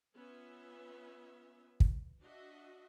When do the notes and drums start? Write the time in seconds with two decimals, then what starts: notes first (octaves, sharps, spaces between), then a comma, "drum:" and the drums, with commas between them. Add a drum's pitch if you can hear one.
0.15 B3 C#4 F4 E5
1.80 drum: kick
2.21 D4 F#4 D#5 E5